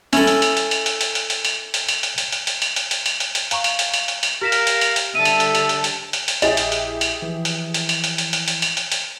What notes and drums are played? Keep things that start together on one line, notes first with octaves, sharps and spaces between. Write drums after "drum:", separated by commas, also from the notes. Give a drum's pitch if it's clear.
C#4 E4 A4, drum: hi-hat
drum: hi-hat
drum: hi-hat
drum: hi-hat
drum: hi-hat
drum: hi-hat
drum: hi-hat
drum: hi-hat
drum: hi-hat
drum: hi-hat
drum: hi-hat
drum: hi-hat
drum: hi-hat
drum: hi-hat
drum: hi-hat
drum: hi-hat
drum: hi-hat
drum: hi-hat
drum: hi-hat
drum: hi-hat
drum: hi-hat
drum: hi-hat
F5 A#5 C#6, drum: hi-hat
drum: hi-hat
drum: hi-hat
drum: hi-hat
drum: hi-hat
drum: hi-hat
G4 A#4 F5 B6 E7
drum: hi-hat
drum: hi-hat
drum: hi-hat
drum: hi-hat
D3 G3 A4 E5 D#7
drum: hi-hat
drum: hi-hat
drum: hi-hat
drum: hi-hat
drum: hi-hat
drum: hi-hat
drum: hi-hat
A#1 E4 G4 G#4 D#5, drum: hi-hat
drum: hi-hat
drum: hi-hat
drum: hi-hat
E3 F3
drum: hi-hat
drum: hi-hat
drum: hi-hat
drum: hi-hat
drum: hi-hat
drum: hi-hat
drum: hi-hat
drum: hi-hat
drum: hi-hat
drum: hi-hat